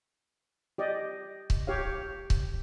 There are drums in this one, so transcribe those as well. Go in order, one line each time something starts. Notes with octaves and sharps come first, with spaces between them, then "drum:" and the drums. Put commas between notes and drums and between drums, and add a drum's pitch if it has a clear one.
G4 D5 D#5
drum: kick C#1
G4 C#5 F5
drum: kick C#1